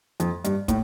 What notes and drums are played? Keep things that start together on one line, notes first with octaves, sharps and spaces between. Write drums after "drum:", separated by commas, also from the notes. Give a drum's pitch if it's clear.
F2, drum: hi-hat
G2, drum: hi-hat
A2, drum: kick, hi-hat